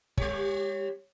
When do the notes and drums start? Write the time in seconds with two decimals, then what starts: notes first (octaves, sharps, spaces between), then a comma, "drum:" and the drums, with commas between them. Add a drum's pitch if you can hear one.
0.17 G3 G4 C#5, drum: kick